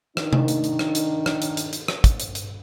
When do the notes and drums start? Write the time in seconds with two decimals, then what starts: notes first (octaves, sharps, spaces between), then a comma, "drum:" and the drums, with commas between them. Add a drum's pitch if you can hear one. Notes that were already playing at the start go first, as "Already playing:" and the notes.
0.17 D#3 D4 D#4, drum: rim click
0.33 drum: tom C3
0.48 drum: hi-hat
0.64 drum: hi-hat
0.79 drum: rim click
0.95 drum: hi-hat
1.26 drum: rim click
1.42 drum: hi-hat
1.57 drum: hi-hat
1.73 drum: hi-hat
1.88 drum: rim click
2.04 drum: kick, hi-hat
2.20 drum: hi-hat
2.35 drum: hi-hat